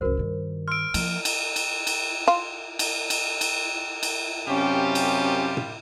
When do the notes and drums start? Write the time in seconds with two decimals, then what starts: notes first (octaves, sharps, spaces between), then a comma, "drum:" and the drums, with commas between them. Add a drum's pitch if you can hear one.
0.01 C#2 F#2 F#4 A#4 C5
0.17 G2 D#3
0.68 C6 E6 F6 D7
0.94 F3 A#3, drum: cymbal
1.25 drum: cymbal
1.56 drum: cymbal
1.87 drum: cymbal
2.28 F4
2.79 drum: cymbal
3.10 drum: cymbal
3.41 drum: cymbal
4.03 drum: cymbal
4.47 F#2 C3 G3 C#4 F4 G4
4.95 drum: cymbal
5.57 drum: tom